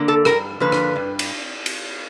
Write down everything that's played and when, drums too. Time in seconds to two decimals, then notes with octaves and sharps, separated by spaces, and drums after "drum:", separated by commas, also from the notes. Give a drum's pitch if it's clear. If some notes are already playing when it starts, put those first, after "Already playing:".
Already playing: D3 A#3
0.08 A4
0.25 G2 A#4, drum: rim click
0.60 D3 F3 A#3 B4
0.72 drum: rim click
0.96 G2
1.19 drum: cymbal
1.66 drum: cymbal